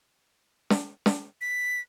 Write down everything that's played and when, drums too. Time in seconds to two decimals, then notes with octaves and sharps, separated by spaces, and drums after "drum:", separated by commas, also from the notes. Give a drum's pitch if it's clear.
0.70 drum: snare
1.06 drum: snare
1.41 B6